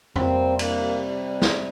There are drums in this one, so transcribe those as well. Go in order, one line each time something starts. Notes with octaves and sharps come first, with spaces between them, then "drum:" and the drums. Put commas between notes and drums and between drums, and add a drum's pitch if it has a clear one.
C3 G3 A#3 C4, drum: tom F2
A#3, drum: cymbal
drum: snare